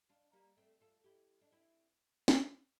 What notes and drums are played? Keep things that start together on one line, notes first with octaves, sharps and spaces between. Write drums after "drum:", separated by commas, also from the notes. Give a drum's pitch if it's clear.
D4 F4
G3 A#3
A3 C4
F4 A4
E4 G4
D4
C4 E4
drum: snare